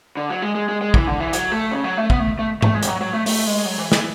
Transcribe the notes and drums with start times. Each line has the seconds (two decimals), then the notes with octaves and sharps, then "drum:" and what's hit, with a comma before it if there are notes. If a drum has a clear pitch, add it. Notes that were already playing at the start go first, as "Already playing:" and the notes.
0.17 D3
0.30 F#3
0.42 G#3
0.55 G#3
0.69 G#3
0.81 G#3
0.94 E3, drum: kick
1.07 D3
1.20 E3
1.33 F#3, drum: hi-hat
1.52 A3
1.71 C#3
1.84 F#3
1.97 A3
2.10 B3, drum: kick
2.20 A3
2.39 A3
2.62 A3, drum: tom G#2
2.75 G#3
2.83 E3, drum: hi-hat
2.88 F#3
3.01 F#3
3.13 A3
3.26 A3, drum: open hi-hat
3.47 G#3
3.65 F#3
3.78 E3
3.92 E3, drum: snare